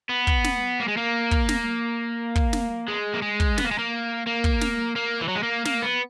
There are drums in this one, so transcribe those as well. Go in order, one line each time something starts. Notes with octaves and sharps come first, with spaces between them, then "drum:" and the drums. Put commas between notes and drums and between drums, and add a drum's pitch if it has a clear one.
B3
drum: kick
drum: snare
A#3
G#3
A#3
drum: kick
drum: snare
drum: kick
drum: snare
G#3
A#3
G#3
drum: kick
B3, drum: snare
A#3
G#3
A#3
A#3
drum: kick
drum: snare
A#3
E3
F#3
G#3
A#3
A#3, drum: snare
B3